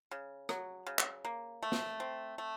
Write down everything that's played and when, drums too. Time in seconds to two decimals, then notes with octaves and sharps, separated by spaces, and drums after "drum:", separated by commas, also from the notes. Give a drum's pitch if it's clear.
0.11 C#3
0.49 F#3, drum: rim click
0.87 C#3
0.99 drum: clap
1.25 A#3
1.63 A3
1.72 drum: snare
2.00 C4
2.38 A3